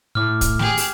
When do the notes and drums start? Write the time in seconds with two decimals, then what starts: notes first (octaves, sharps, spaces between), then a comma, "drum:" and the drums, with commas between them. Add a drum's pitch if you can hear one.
0.15 A2 D6 F6
0.41 drum: kick, hi-hat
0.59 G4 G#4, drum: snare A3
0.77 drum: open hi-hat